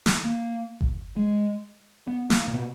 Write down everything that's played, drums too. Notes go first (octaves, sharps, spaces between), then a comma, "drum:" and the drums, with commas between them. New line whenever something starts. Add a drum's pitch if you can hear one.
drum: snare
A#3
drum: kick G1
G#3
B3
A#3, drum: snare
A#2
B2